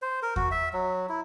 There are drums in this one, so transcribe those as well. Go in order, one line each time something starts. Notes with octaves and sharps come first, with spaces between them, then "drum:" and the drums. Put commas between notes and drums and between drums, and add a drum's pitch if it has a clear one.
C5
A#4
F#4, drum: kick E2
E5
F#3
E4